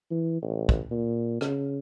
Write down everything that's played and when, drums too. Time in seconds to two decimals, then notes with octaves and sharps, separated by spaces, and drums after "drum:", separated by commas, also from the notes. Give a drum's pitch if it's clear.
0.11 E3
0.42 A1
0.69 drum: kick
0.91 A#2
1.41 C#3, drum: rim click